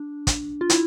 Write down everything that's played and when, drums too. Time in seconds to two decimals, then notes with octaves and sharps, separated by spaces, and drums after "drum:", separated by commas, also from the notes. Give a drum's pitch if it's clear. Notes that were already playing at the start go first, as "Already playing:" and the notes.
Already playing: D4
0.27 drum: kick, hi-hat
0.61 F4
0.70 E4, drum: hi-hat